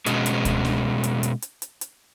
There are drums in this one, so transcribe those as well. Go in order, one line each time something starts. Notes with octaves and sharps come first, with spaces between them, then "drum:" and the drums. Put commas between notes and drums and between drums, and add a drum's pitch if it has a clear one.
B2 G#3 C#4 G#4, drum: hi-hat
drum: hi-hat
drum: kick C#2, hi-hat
drum: snare
drum: hi-hat
drum: hi-hat
drum: hi-hat
drum: hi-hat
drum: hi-hat